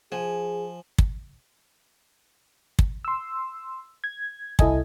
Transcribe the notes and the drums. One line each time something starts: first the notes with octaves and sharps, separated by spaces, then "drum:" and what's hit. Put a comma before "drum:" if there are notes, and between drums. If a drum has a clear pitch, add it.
F3 G#4 G#5
drum: kick
drum: kick
C6 E6
G#6
C2 E4 A4 D#5 G#5, drum: kick